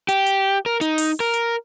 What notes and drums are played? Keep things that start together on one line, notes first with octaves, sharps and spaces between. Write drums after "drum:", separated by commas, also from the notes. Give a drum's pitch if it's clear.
G4, drum: hi-hat
drum: hi-hat
A#4
D#4, drum: hi-hat
drum: open hi-hat
A#4
drum: hi-hat